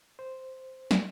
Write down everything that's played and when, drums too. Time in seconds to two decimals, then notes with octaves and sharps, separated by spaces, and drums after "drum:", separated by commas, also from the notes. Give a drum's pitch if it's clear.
0.19 C5
0.91 drum: snare